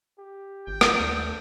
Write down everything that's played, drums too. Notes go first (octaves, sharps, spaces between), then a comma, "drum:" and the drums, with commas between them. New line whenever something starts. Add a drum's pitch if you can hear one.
G4
G#1 G5
drum: rim click
D#2 A3 D4